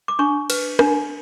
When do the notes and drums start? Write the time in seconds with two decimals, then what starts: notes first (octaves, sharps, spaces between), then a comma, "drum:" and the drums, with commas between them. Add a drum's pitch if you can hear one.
0.08 D6
0.19 D4 C#6
0.50 B4, drum: cymbal
0.79 D4, drum: rim click